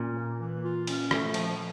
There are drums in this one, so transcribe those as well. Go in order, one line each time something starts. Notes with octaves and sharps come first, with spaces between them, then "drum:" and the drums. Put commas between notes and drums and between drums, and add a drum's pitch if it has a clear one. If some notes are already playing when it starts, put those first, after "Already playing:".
Already playing: A#2 C#4
A#3
E3
F4
C#4, drum: cymbal
A3, drum: rim click
F3, drum: cymbal